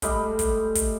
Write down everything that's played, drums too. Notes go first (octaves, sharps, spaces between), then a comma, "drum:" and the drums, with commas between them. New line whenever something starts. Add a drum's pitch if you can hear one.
A2 G3 G#3 G5, drum: kick, hi-hat
drum: kick, hi-hat
drum: kick, hi-hat